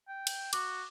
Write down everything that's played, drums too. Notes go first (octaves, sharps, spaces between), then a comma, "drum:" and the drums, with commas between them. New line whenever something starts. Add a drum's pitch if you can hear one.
G5
drum: cymbal
F#4 D6, drum: cymbal